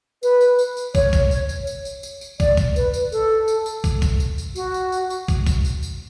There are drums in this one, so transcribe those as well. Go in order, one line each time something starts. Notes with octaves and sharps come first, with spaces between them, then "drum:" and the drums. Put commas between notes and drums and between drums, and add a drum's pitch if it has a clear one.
B4, drum: tambourine
drum: tambourine
drum: tambourine
drum: tambourine
C#5, drum: kick, tambourine
drum: kick, tambourine
drum: tambourine
drum: tambourine
drum: tambourine
drum: tambourine
drum: tambourine
drum: tambourine
D5, drum: kick, tambourine
drum: kick, tambourine
B4, drum: tambourine
drum: tambourine
A4, drum: tambourine
drum: tambourine
drum: tambourine
drum: kick, tambourine
drum: kick, tambourine
drum: tambourine
drum: tambourine
F#4, drum: tambourine
drum: tambourine
drum: tambourine
drum: tambourine
drum: kick, tambourine
drum: kick, tambourine
drum: tambourine
drum: tambourine